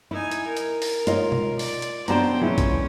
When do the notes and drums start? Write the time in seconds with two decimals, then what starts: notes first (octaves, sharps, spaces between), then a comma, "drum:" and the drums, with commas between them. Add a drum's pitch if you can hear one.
0.11 D#4 E4 G#5
0.31 drum: hi-hat
0.47 A#4
0.57 drum: hi-hat
0.82 drum: open hi-hat
1.07 G#2 F4 C#5 D#5, drum: hi-hat
1.32 drum: tom B2
1.59 D5, drum: open hi-hat
1.82 drum: hi-hat
2.08 F#2 B3 D4 C5 G5 A5 A#5, drum: hi-hat
2.41 A#2 E3 F#3 G#3 C#4
2.58 drum: kick A#1, hi-hat